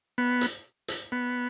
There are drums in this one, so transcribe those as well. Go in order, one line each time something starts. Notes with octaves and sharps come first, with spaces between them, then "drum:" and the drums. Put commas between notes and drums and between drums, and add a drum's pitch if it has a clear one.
B3
drum: hi-hat
drum: hi-hat
B3